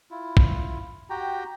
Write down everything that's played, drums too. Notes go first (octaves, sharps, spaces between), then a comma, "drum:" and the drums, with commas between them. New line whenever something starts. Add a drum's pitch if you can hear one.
E4 F4
drum: kick
F#4 G4 G5 A#5